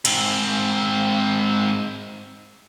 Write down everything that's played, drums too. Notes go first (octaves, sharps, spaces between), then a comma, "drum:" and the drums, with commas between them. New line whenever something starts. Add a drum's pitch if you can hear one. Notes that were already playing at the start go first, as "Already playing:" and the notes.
G#2 C4, drum: cymbal